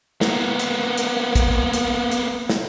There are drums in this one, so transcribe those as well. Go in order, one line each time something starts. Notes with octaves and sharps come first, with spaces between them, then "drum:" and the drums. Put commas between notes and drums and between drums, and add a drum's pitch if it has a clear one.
A#3 B3, drum: snare
drum: hi-hat
drum: hi-hat
drum: kick, hi-hat
drum: hi-hat
drum: hi-hat
drum: snare